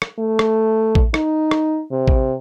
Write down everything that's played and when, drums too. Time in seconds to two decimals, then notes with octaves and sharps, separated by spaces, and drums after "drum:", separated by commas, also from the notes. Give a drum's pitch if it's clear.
0.02 drum: rim click
0.19 A3
0.39 drum: rim click
0.95 drum: kick A1
1.14 D#4, drum: rim click
1.51 drum: rim click
1.91 C3
2.08 drum: kick A1